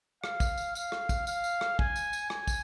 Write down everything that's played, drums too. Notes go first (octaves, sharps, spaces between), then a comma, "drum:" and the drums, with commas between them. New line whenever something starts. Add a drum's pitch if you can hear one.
F5, drum: rim click
drum: kick, tambourine
drum: tambourine
F5, drum: tambourine
drum: rim click
drum: kick, tambourine
F5, drum: tambourine
drum: tambourine
drum: rim click
G#5, drum: kick
drum: tambourine
drum: tambourine
G#5, drum: rim click
drum: kick, tambourine